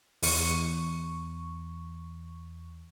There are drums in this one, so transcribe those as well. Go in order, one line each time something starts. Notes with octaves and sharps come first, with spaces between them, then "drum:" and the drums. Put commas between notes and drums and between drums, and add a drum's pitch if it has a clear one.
E2 C#6, drum: open hi-hat